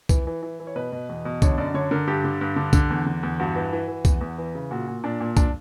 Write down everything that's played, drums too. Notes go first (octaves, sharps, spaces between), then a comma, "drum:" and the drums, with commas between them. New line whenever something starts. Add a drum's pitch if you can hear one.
E3, drum: kick C2, tambourine
E3
E3
E3
C#5
B2 B4
B2
E2
B2
D3 C#5, drum: kick C2, tambourine
F#2 D5
D3 C#5
D3 A#4
G2 G4
D3
G2
D3
D3, drum: kick C2, tambourine
E2
D3
E2
G2 F#4
E3
E3
E3
E2, drum: kick C2, tambourine
E2
E3
C#3
A#2 F#4
A#2
A#2 D4
A#2
D4, drum: kick C2, tambourine